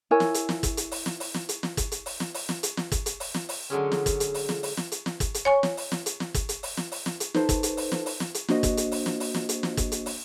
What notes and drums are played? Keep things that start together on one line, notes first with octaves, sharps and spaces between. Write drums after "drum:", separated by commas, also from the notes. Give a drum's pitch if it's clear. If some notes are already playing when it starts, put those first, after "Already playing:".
E4 A#4 C#5 G#5
drum: snare
drum: hi-hat
drum: snare
drum: kick, hi-hat
drum: hi-hat
drum: open hi-hat
drum: snare
drum: open hi-hat
drum: snare
drum: hi-hat
drum: snare
drum: kick, hi-hat
drum: hi-hat
drum: open hi-hat
drum: snare
drum: open hi-hat
drum: snare
drum: hi-hat
drum: snare
drum: kick, hi-hat
drum: hi-hat
drum: open hi-hat
drum: snare
drum: open hi-hat
D3 F#3 G#3 C#4
drum: snare
drum: kick, hi-hat
drum: hi-hat
drum: open hi-hat
drum: snare
drum: open hi-hat
drum: snare
drum: hi-hat
drum: snare
drum: kick, hi-hat
drum: hi-hat
C#5 G#5 C#6
drum: snare
drum: open hi-hat
drum: snare
drum: hi-hat
drum: snare
drum: kick, hi-hat
drum: hi-hat
drum: open hi-hat
drum: snare
drum: open hi-hat
drum: snare
drum: hi-hat
D#4 A4 B4 C5 A5, drum: snare
drum: kick, hi-hat
drum: hi-hat
drum: open hi-hat
drum: snare
drum: open hi-hat
drum: snare
drum: hi-hat
A#3 D4 F#4 C5 D#5, drum: snare
drum: kick, hi-hat
drum: hi-hat
drum: open hi-hat
drum: snare
drum: open hi-hat
drum: snare
drum: hi-hat
drum: snare
drum: kick, hi-hat
drum: hi-hat
drum: open hi-hat